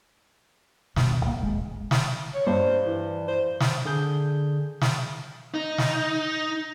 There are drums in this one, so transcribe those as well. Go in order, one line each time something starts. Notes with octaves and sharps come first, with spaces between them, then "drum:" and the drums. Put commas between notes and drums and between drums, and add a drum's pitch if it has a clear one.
D2 G2 B2 D#3, drum: snare
D1 A1 A#3
D#1 G#1 A2 G#3
drum: snare
C#5
G2 C5
E3
C5
drum: snare
D3 G#4 G6
drum: snare
D#4
drum: snare